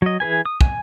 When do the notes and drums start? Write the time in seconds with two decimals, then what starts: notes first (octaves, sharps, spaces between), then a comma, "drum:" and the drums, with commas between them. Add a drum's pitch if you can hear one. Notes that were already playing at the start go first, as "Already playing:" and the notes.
0.02 F#3 D#5
0.20 E3 G#4 B4 G#5
0.46 D#6
0.61 G#5, drum: kick